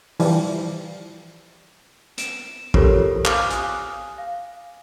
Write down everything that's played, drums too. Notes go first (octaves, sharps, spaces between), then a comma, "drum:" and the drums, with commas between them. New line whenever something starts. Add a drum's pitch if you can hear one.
E3 F3 G3, drum: open hi-hat
D7 E7, drum: hi-hat
F4 G4 A4 A#4 C5 C#5, drum: kick
F5 D6 F6, drum: clap
G#5 D#6 F#6, drum: hi-hat
F5